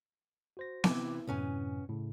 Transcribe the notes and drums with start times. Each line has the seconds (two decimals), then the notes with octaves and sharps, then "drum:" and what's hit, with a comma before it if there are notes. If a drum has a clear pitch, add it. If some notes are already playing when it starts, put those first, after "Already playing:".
0.57 F#4 C5 A#6
0.84 C3 E3 D6, drum: snare B3
1.27 F#2 A2 C3 B3 C#4 G#5
1.89 A2 C#3